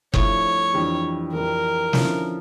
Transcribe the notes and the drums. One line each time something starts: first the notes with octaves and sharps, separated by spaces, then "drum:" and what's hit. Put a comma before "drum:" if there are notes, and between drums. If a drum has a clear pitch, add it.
G2 F3 A3 E4 C#5, drum: kick F#1
F2 E3 G3 D4
F2 E3 G3 A#4
D3 F3 C#4 E4, drum: snare